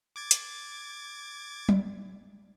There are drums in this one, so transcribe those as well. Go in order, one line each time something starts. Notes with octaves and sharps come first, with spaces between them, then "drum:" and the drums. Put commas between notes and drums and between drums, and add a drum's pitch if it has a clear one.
D6 G#6 A6
drum: hi-hat
drum: tom F#3